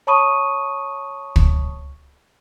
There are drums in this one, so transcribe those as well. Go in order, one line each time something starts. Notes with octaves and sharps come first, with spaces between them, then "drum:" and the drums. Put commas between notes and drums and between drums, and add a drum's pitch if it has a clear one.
C#5 A5 B5 C#6 D#6 D#7
drum: kick